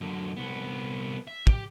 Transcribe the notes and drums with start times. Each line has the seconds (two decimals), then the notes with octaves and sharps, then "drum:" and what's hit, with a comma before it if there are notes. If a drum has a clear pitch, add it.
0.01 F#2 D3
0.37 C2 B3
1.27 E5
1.47 G4, drum: kick